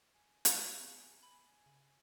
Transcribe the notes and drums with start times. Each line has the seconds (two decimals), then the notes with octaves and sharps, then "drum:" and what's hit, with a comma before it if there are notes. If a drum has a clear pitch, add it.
0.14 G#5
0.45 drum: hi-hat
0.78 B3 G#5
1.23 B5
1.66 C#3